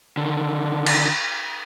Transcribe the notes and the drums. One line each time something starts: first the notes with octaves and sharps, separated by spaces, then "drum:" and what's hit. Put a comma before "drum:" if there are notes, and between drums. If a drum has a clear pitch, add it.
D3 D#3
drum: cymbal